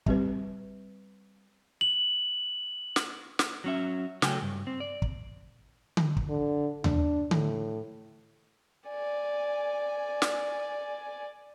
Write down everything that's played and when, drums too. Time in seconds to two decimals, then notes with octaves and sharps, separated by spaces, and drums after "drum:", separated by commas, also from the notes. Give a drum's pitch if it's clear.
0.06 G3 C4 G4 B4, drum: kick
1.81 F#7
2.96 drum: snare
3.39 drum: snare
3.64 F#3 C#4 E5
4.22 C#3 F#3 A3 C#5 G5 G#5, drum: snare
4.42 G2
4.67 C4
4.80 D5
5.02 drum: kick
5.97 drum: tom D3
6.17 drum: kick
6.29 D3
6.84 D4, drum: tom D#2
7.31 A2, drum: tom D3
8.88 D5 G#5
10.22 drum: snare